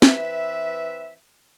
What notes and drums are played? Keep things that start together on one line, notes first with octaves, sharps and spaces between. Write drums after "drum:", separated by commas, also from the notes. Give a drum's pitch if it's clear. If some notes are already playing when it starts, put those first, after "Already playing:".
E3 C4 B4 E5, drum: snare